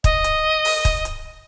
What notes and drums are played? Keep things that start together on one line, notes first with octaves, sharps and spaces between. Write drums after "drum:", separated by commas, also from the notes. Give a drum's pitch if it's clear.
D#5, drum: kick, hi-hat
drum: hi-hat
drum: open hi-hat
drum: kick, hi-hat
drum: hi-hat